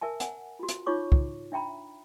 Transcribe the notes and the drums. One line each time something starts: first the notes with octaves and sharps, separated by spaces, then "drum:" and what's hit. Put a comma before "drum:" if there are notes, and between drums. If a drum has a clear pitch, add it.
A#4 E5 G#5 A5
F#5 G#5, drum: hi-hat
F4 F#4
drum: hi-hat
D#4 F4 C#5 C#6 D6
drum: kick
D4 E5 G5 A#5 B5